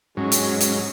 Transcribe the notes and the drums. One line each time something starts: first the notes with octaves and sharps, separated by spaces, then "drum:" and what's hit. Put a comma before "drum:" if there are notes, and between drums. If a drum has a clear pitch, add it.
G#2 F#3 C#4
drum: hi-hat
drum: hi-hat